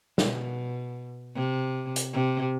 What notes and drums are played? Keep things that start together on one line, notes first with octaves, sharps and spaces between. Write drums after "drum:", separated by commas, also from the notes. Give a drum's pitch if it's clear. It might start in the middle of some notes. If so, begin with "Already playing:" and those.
B2, drum: snare
C3
drum: hi-hat
C3